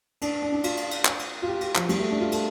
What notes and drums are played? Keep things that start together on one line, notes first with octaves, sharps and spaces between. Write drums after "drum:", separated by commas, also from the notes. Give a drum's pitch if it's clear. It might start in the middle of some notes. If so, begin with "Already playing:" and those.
D4, drum: cymbal
D4
D4
F4, drum: cymbal
drum: cymbal
drum: cymbal
drum: clap
drum: cymbal
F4
G4
G4, drum: cymbal
F3, drum: clap
G3, drum: cymbal
A3
D4
F4
A4, drum: cymbal